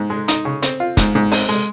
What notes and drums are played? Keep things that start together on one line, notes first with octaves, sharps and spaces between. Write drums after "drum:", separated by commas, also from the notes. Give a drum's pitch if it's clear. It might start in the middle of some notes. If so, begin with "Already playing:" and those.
Already playing: G#2
G#3
D#4, drum: hi-hat
C#3
C4, drum: hi-hat
F4
G#2, drum: kick, hi-hat
G#2
C4, drum: open hi-hat
G#3